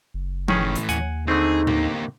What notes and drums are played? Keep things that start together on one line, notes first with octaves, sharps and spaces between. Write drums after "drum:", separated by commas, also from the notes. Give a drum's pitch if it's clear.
F#1
A2 D#3 E3 C#4 G#4, drum: tom F3
drum: hi-hat
D#2 F#5 G#5, drum: hi-hat
D3 A3 C4 D#4 G#4
A#3 G4, drum: tom A2